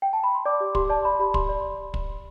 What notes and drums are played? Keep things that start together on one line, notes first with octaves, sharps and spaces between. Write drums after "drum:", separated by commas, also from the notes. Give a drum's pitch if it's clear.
G5
A5
B5
C6
D5 D6
G4
G4 C6, drum: kick
D5 A5
D5 B5
G4 B5
G4 C6, drum: kick
D5
drum: kick